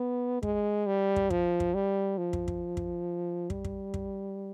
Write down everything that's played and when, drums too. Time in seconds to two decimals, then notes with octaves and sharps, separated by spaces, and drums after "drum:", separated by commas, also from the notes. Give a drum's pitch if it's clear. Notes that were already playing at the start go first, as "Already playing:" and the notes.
Already playing: B3
0.43 G#3, drum: kick
0.87 G3
1.16 drum: kick
1.30 F3, drum: kick
1.60 drum: kick
1.74 G3
2.18 F3
2.33 drum: kick
2.48 drum: kick
2.77 drum: kick
3.50 G3, drum: kick
3.65 drum: kick
3.94 drum: kick